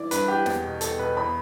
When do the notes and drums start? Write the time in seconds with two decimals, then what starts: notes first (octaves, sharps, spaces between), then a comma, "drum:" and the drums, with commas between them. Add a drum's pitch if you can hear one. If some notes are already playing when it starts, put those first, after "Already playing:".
Already playing: E3 D5
0.11 G2 B4, drum: hi-hat
0.28 E3 G4
0.46 E2, drum: snare
0.64 B2
0.81 E2 A4, drum: hi-hat
0.99 B2 B4
1.17 E2 B5